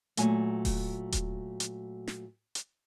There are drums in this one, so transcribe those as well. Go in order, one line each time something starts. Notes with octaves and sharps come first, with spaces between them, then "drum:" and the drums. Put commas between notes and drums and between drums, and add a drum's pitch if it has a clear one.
A#2 F#3 A3 G#5, drum: hi-hat
drum: kick D#1, open hi-hat
drum: kick D#1, hi-hat
drum: hi-hat
drum: snare
drum: hi-hat